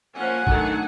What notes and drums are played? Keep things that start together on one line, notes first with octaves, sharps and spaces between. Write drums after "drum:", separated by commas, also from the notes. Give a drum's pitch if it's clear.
F3 A#3 C#4 F#5 G#5
D#3 F#3 A3 D4, drum: kick